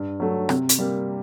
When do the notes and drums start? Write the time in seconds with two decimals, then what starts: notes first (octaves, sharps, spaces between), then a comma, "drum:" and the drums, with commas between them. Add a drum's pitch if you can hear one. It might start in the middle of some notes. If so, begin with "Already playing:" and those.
Already playing: G2
0.20 F#3 A3
0.49 C3, drum: rim click
0.69 drum: hi-hat
0.79 G3 A#3